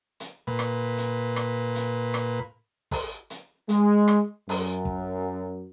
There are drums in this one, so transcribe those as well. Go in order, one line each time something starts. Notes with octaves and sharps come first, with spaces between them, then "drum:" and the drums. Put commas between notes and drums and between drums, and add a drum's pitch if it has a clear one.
drum: hi-hat
A#2 B4
drum: rim click
drum: hi-hat
drum: rim click
drum: hi-hat
drum: rim click
drum: kick, open hi-hat
drum: hi-hat
G#3, drum: hi-hat
drum: rim click
F#2, drum: open hi-hat
drum: kick